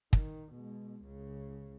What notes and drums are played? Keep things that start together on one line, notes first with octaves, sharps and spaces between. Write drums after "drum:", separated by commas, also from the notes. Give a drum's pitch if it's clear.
D#3, drum: kick
B2 G#3
C#2 C#3